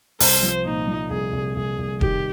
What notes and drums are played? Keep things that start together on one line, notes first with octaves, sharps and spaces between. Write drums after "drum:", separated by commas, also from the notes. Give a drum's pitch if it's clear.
C2 C5, drum: open hi-hat
F3
A#2 D#4
F3
C2 G#4
C2
C2 G#4
C2
D#3 G4, drum: kick E1